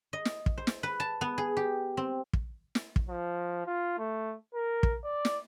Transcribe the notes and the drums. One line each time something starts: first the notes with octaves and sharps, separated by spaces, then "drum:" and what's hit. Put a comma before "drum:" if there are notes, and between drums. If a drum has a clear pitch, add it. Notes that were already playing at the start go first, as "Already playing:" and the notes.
D#5
drum: snare
drum: kick
C5
drum: snare
B4
A5
B3
G#4
G4
C4
drum: kick
drum: snare
drum: kick
F3
F4
A3
A#4
drum: kick
D5
drum: snare